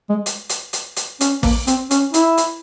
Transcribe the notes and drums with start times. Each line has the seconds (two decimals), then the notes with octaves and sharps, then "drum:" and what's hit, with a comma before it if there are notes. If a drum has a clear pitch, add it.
0.10 G#3
0.26 drum: hi-hat
0.49 drum: hi-hat
0.73 drum: hi-hat
0.96 drum: hi-hat
1.21 C#4, drum: hi-hat
1.43 A#3, drum: kick, open hi-hat
1.67 C4, drum: hi-hat
1.91 C#4, drum: hi-hat
2.14 E4, drum: hi-hat
2.37 drum: hi-hat